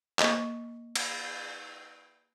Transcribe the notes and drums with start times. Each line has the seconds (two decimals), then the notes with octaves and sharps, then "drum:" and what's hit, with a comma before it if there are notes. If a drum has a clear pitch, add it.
0.19 A#3 D#5 C#6, drum: clap
0.96 drum: cymbal